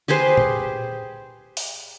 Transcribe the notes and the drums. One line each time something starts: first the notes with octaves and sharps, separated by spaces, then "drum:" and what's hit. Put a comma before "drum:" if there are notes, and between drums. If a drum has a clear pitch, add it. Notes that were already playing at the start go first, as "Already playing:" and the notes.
G4 G#4 B4 C5
drum: tom A#2
drum: open hi-hat